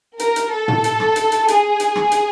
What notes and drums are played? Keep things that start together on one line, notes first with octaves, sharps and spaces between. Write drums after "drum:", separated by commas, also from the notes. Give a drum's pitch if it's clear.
A#4, drum: hi-hat
drum: hi-hat
A4
drum: tom
drum: hi-hat
drum: rim click
drum: hi-hat
drum: hi-hat
G#4, drum: hi-hat
drum: hi-hat
drum: rim click
drum: hi-hat